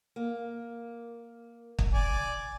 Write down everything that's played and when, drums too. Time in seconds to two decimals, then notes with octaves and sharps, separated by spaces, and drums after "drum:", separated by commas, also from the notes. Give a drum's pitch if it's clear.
0.16 A#3
1.79 drum: kick
1.93 D5 G#5